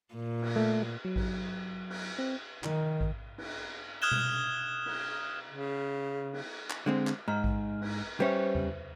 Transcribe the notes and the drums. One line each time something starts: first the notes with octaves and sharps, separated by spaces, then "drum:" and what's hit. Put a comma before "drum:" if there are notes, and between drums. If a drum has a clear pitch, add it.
A#2
drum: cymbal
A3
F#3
drum: kick A1, cymbal
drum: cymbal
C4
D#3, drum: clap
drum: kick A1
drum: cymbal
D#6 F6 F#6 G#6 E7 G7
drum: tom B2
drum: cymbal
C#3
drum: cymbal
drum: clap
D3 G#3 C4
drum: clap
G#2 D#5 A#5 F6
drum: kick A1
drum: cymbal
G3 C#4 B4 C5 E5
drum: tom E2